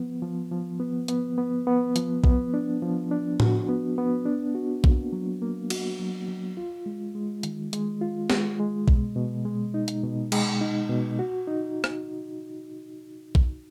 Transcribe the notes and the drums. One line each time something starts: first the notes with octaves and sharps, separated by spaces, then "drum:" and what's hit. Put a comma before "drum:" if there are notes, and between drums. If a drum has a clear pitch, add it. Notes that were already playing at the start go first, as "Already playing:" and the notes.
Already playing: F3 B3
F3
F3
B3
B3, drum: hi-hat
B3
B3
F3, drum: hi-hat
B3, drum: kick
D4
F3
D4
F#4, drum: tom A2
B3
B3
D4
F#4
A#3, drum: kick
F#3
A#3
F#4, drum: cymbal
F#3
F#3
F4
G#3
G#3
D#3, drum: hi-hat
G#3, drum: hi-hat
F4
G#3, drum: snare
G#3
B2, drum: kick
B2
G#3
D#4
drum: hi-hat
B2
G#3, drum: cymbal
D#4
B2
F#4
D#4
drum: rim click
drum: kick